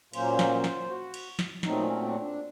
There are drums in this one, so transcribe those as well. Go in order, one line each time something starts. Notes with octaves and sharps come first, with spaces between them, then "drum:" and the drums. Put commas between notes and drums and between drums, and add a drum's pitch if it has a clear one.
A#2 F#3 A#3 C#4 C5, drum: cymbal
drum: snare
drum: snare
F#4
drum: cymbal
drum: snare
A#2 F#3 A3 C4 D#4, drum: snare
C#4
D4
D4